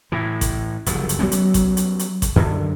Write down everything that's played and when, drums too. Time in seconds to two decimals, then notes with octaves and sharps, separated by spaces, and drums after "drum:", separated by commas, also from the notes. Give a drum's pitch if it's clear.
0.12 A2 E3
0.41 drum: kick A1, hi-hat
0.86 F#1 C2 F3, drum: hi-hat
1.09 drum: hi-hat
1.19 F#3 G3 B3 C#4
1.32 drum: hi-hat
1.54 drum: kick A1, hi-hat
1.77 drum: hi-hat
1.99 drum: hi-hat
2.22 drum: kick A1, hi-hat
2.36 F#2 D3